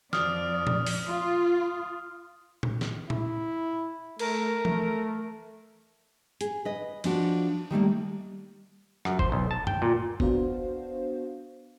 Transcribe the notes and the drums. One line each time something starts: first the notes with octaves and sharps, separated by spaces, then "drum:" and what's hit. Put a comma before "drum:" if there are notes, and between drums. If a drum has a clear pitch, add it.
F2 F3 D5 D#6 F6, drum: snare
drum: tom A#2
drum: open hi-hat
F4
drum: tom A#2
drum: snare
E4, drum: tom A#2
A3 A#4, drum: cymbal
A3, drum: tom E3
G#4, drum: hi-hat
B4 D#5
F3 D4 F#4, drum: cymbal
D#3 G3 A3 A#3
F#2, drum: rim click
C5, drum: kick F#1
B1
A5
G5, drum: tom F#2
A#2
B3 D4 F#4 C5 F5, drum: kick F#1